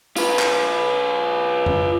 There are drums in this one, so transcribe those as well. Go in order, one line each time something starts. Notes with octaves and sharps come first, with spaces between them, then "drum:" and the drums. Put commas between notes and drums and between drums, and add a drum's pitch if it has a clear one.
F4 B4, drum: tambourine
drum: clap
drum: tom F2